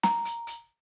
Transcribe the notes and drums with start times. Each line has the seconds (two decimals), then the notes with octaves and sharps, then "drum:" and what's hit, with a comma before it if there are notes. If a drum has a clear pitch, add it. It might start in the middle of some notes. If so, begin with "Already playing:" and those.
0.03 A#5, drum: snare
0.25 drum: hi-hat
0.47 drum: hi-hat